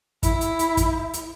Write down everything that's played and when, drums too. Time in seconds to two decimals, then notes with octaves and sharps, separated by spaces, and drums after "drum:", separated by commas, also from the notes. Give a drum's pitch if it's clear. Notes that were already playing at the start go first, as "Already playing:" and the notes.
0.23 E4, drum: kick, hi-hat
0.41 drum: hi-hat
0.59 drum: hi-hat
0.77 drum: kick, hi-hat
1.13 drum: hi-hat